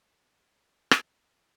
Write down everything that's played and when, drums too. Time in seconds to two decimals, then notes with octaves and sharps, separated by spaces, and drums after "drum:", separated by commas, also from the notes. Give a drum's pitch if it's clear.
0.17 E3
0.91 drum: rim click